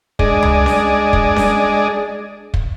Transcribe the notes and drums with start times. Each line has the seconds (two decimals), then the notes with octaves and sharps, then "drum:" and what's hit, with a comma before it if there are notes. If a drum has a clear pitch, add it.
0.19 G#3 D4 G#4 D5 D#5, drum: kick
0.43 drum: tom C#2
0.66 drum: snare C#4
1.13 drum: kick
1.36 drum: snare C#4
2.54 drum: kick